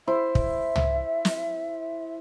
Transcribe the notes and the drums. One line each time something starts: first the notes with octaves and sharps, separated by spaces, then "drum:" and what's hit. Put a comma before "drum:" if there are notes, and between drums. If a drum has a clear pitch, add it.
E4 C5 E5
drum: kick
drum: tom
drum: snare